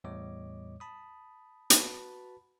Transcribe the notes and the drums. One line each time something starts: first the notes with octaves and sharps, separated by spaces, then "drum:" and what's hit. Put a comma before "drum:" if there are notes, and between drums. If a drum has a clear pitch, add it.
E2 A2 G3 C#5 D#5 D6
A5 B5 D#6
F#4 B4 A5 B5, drum: hi-hat